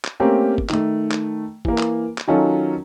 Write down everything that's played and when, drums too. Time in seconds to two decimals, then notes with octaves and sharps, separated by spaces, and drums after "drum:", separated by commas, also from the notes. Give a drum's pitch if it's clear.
0.05 drum: clap
0.20 A3 A#3 C4 C#4 G4 A#4
0.58 drum: kick
0.69 D#3 A3, drum: clap
1.12 drum: clap
1.65 E3 A#3, drum: kick
1.78 drum: clap
2.18 drum: clap
2.27 D#3 F#3 C#4 D#4 F4 A4